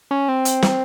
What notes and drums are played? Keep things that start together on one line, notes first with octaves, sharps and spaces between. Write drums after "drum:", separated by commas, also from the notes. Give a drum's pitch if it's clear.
C#4
C4
drum: hi-hat
drum: snare